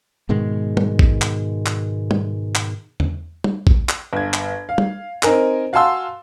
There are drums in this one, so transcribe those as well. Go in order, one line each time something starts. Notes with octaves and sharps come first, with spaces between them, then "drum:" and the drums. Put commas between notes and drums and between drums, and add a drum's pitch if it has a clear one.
G#2 B2 D#3 G#3
drum: tom G3
drum: kick
drum: clap
drum: clap
drum: tom G3
drum: clap
drum: tom E2
drum: tom G3
drum: kick
drum: clap
G1 G#6
drum: clap
F5
drum: tom G3
C4 D#4 A#4 G#5, drum: clap
F#4 F5 G#5 A5 C6 E6